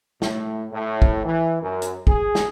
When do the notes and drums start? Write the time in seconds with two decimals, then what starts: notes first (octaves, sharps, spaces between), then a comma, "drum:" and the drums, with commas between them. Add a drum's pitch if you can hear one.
0.22 A2, drum: snare
0.72 A2
1.02 drum: kick
1.24 E3
1.62 F#2
1.82 drum: hi-hat
2.07 G#4, drum: kick
2.35 drum: snare